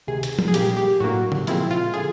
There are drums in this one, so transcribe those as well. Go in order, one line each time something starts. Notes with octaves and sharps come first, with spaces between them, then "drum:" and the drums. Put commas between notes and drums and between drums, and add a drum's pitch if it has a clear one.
D2 C3 D#3 G#4
drum: hi-hat
drum: tom F3
G#4
A#2 G3 A#3 G4, drum: hi-hat
G4
A2 F#3 A#3 D4 F#4
drum: tom C#3
A#2 F3 G#3 C4 E4, drum: hi-hat
F4
D3 F3 G#4